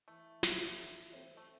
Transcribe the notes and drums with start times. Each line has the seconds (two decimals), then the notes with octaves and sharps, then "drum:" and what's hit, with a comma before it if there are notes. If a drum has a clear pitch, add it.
0.08 E3 A3
0.43 C4 A4 C5 E5, drum: snare
0.78 E3
1.12 C4 A4 C5 E5
1.37 A3